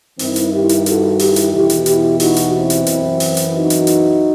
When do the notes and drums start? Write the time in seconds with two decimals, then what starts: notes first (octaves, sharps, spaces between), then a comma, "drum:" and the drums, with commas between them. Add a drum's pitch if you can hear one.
0.19 G2 D#3 C4 E4, drum: open hi-hat
0.36 drum: hi-hat
0.53 E4 G4
0.69 drum: hi-hat
0.86 F#4 A4, drum: hi-hat
1.19 E4 G4, drum: open hi-hat
1.36 drum: hi-hat
1.53 E2 B2 E4 G4
1.70 drum: hi-hat
1.86 E4 G4, drum: hi-hat
2.20 D#4 F#4, drum: open hi-hat
2.36 drum: hi-hat
2.53 C4 E4
2.70 drum: hi-hat
2.87 F#2 E3, drum: hi-hat
3.20 drum: open hi-hat
3.37 drum: hi-hat
3.53 D#4 F#4
3.70 drum: hi-hat
3.87 drum: hi-hat